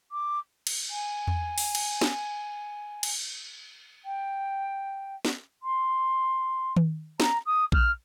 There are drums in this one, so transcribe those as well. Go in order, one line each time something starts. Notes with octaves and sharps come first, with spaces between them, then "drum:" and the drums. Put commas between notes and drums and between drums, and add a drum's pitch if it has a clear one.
D6
drum: cymbal
G#5
drum: tom E2
drum: open hi-hat
drum: cymbal
drum: snare
drum: cymbal
G5
drum: snare
C6
drum: tom D#3
A#5, drum: snare
D#6
F6, drum: kick A#1